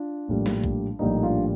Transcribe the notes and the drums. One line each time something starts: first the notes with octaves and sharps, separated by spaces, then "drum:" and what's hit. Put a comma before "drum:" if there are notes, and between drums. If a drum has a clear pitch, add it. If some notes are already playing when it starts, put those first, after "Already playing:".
Already playing: D4 F4
A#1 A2 G3 A#3
drum: snare
drum: kick A#1
A#1 A2 G3 A#3 D#4
D4 F4